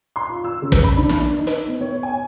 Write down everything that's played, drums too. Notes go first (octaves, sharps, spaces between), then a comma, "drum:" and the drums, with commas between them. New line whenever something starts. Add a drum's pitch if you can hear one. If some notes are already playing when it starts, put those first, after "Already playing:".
C6
F4
E6
C#3
drum: kick, hi-hat
B5
D4
drum: snare
D#4
drum: hi-hat
B3
C#5
G#5